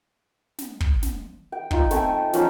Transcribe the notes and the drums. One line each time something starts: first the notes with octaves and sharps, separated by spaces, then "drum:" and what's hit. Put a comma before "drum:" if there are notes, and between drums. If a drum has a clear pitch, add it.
drum: snare
drum: kick
drum: snare
G5
D#4 F4, drum: kick
A3 C4 G5 G#5, drum: snare
F3 C#4 D#4, drum: snare